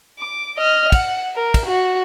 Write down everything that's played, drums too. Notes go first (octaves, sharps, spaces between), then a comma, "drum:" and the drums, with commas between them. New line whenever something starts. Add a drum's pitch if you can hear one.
D6
D#5 F6
F#5, drum: kick, cymbal
A#4
drum: kick, cymbal
F#4